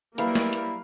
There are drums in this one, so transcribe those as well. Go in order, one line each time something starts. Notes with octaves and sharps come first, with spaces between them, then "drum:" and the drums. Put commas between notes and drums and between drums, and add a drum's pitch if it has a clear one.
F#3 G3 A#3 E4 A#4 B4 F5 B5, drum: hi-hat
drum: snare
drum: hi-hat